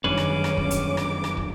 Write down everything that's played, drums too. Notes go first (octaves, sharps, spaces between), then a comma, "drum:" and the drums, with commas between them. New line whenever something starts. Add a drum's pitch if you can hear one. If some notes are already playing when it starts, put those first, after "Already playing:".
G1 F#2 D#3 C#4 D4 G#4 B4 D6
drum: rim click
drum: rim click
drum: kick
drum: hi-hat
drum: rim click
drum: rim click
drum: kick